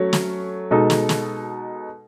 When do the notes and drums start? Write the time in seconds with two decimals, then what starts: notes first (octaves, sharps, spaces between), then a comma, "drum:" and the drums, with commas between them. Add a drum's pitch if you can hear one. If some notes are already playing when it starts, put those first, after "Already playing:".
Already playing: F#3 A3 C#4
0.13 drum: snare
0.71 B2 G#3 D#4 A4
0.90 drum: snare
1.09 drum: snare